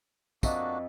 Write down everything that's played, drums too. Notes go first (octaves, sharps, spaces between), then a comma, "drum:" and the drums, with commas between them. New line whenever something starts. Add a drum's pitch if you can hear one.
F2 A#3 D4 F#4 D#5 E5, drum: kick, tambourine